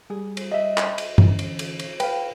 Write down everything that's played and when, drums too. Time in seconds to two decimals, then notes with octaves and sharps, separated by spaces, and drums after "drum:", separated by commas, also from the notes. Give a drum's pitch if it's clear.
0.10 G3 G#4
0.37 drum: cymbal
0.51 D#5 E5
0.78 drum: clap
0.98 drum: cymbal
1.18 D3 E3 C#4, drum: tom
1.39 drum: cymbal
1.59 drum: cymbal
1.79 drum: cymbal
2.00 B4 F5 G5, drum: cymbal